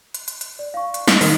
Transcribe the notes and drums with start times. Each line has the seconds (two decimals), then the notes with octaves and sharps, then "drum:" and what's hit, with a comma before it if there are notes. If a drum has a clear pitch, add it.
0.14 drum: hi-hat
0.28 drum: hi-hat
0.41 drum: hi-hat
0.59 D5
0.74 F5 C#6
0.94 drum: hi-hat
1.08 drum: snare
1.21 D#3, drum: open hi-hat